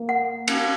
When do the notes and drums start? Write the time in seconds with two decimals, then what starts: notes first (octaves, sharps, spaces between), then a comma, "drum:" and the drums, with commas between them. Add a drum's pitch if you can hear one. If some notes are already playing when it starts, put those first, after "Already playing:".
Already playing: A#3
0.09 F#5
0.48 drum: cymbal